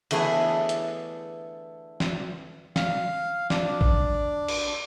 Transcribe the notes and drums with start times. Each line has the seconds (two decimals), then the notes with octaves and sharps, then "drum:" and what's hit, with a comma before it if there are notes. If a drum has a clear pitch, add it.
0.11 D3 E3 A3 B3 G#4, drum: cymbal
0.69 drum: hi-hat
2.00 drum: snare
2.76 F5, drum: snare
3.50 D4 D5, drum: snare
3.81 drum: kick
4.48 drum: cymbal